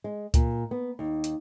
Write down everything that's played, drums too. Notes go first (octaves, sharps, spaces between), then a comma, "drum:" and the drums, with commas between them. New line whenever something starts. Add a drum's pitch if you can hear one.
G#3
A#2, drum: kick C#2, hi-hat
B3
D#2
drum: hi-hat